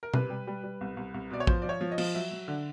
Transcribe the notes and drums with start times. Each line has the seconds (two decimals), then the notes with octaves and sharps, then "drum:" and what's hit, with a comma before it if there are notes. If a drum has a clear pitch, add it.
0.03 A#4
0.14 C3 B4, drum: tom B2
0.30 G3
0.47 G3
0.64 G3
0.81 C2
0.97 C2
1.14 C2
1.30 B2 D5
1.40 C#5
1.47 F3 C5, drum: kick
1.62 F3 D5
1.69 C#5
1.81 F3
1.91 D#5
1.98 F3, drum: cymbal
2.14 F#3 E5
2.31 F#3
2.48 D3